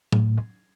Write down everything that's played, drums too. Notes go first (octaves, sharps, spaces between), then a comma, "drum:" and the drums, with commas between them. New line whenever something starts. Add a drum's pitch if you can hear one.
A2, drum: tom F#3